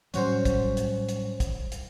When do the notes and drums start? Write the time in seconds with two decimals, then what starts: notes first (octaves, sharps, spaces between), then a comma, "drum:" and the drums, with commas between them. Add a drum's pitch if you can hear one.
0.14 A2 F#3 G3 C#4 F#4 C5, drum: hi-hat
0.45 drum: kick, hi-hat
0.77 drum: hi-hat
1.09 drum: hi-hat
1.40 drum: kick, hi-hat
1.72 drum: hi-hat